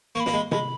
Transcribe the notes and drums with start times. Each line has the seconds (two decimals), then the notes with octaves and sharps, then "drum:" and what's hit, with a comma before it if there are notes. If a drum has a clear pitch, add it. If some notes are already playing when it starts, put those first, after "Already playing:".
0.15 A#3 C#6
0.20 B5
0.26 A#3, drum: snare
0.34 G#3
0.52 G#3 B5, drum: tom C3